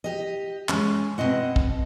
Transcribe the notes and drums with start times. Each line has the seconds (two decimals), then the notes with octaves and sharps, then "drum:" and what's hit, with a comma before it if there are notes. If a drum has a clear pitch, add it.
0.04 G4 D#5
0.69 G#3 C#4, drum: clap
1.18 B2 C4 D#5 F#5
1.56 drum: kick